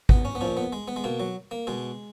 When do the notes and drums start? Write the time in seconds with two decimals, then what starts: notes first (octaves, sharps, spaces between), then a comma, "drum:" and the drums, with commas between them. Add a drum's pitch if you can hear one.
0.09 B3, drum: kick
0.25 C#4
0.35 B3
0.41 A#2 F3 C#4
0.57 B3
0.73 G#3
0.88 B3
0.96 G#3
1.04 B2 A#3
1.20 F#3
1.51 A#3
1.67 B2 G#3